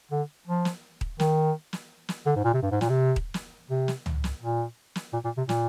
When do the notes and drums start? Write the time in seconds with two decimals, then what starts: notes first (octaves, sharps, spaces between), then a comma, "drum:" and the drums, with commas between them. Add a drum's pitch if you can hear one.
0.11 D3
0.47 F3
0.65 drum: snare
1.01 drum: kick D#1
1.20 D#3, drum: snare
1.73 drum: snare
2.09 drum: snare
2.26 D3
2.36 G#2
2.44 A#2
2.54 C3
2.62 G2
2.71 G#2
2.81 A#2, drum: snare
2.89 C3
3.16 drum: kick D#1
3.34 drum: snare
3.70 C3
3.88 drum: snare
4.06 drum: tom C#2
4.24 drum: snare
4.42 A#2
4.96 drum: snare
5.13 A#2
5.25 A#2
5.37 C3
5.49 A#2, drum: snare